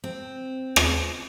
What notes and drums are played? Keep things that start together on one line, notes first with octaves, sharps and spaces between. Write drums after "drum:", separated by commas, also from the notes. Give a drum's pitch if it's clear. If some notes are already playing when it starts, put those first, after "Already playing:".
C4
drum: rim click